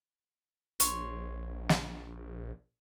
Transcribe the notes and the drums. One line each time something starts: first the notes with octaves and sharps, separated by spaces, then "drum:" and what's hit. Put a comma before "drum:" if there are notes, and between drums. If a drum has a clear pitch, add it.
A#1 C#5 C6, drum: hi-hat
drum: snare